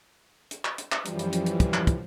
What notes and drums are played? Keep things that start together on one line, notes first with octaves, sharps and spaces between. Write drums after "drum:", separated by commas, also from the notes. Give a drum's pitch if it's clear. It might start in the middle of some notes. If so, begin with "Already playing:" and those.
drum: hi-hat
drum: clap
drum: hi-hat
drum: clap
F#2 E3 F3 G3, drum: hi-hat
drum: hi-hat
drum: hi-hat
drum: hi-hat
drum: kick, hi-hat
drum: clap
drum: kick, hi-hat